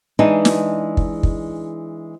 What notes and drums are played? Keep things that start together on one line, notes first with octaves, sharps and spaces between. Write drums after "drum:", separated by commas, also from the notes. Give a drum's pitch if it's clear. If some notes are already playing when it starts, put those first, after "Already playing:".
E3 G#3 D4 D#4 G#4
drum: snare
drum: kick
drum: kick